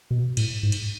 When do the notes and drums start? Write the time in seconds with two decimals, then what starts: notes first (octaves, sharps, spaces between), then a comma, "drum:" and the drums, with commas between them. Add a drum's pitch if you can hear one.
0.11 B2
0.37 A2, drum: cymbal
0.63 G#2
0.72 drum: cymbal